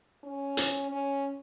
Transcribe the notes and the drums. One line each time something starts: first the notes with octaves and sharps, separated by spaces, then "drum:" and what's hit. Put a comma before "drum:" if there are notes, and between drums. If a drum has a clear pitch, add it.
C#4
drum: hi-hat
C#4